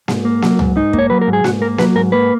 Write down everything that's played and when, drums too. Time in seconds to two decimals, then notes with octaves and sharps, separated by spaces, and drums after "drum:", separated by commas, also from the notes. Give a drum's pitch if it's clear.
0.08 G#2, drum: snare A#3
0.25 A#3
0.42 F#3, drum: snare A#3
0.59 G#2, drum: tom C#2
0.76 G#2 D#4
0.93 A#3, drum: kick
0.99 C#5
1.10 F#3 B4
1.21 A#4
1.27 G#2
1.33 G#4
1.44 G#2 F#4, drum: snare A#3
1.62 A#3 A#4
1.78 F#3 B4, drum: snare A#3
1.96 G#2 A#4
2.12 A#3 B4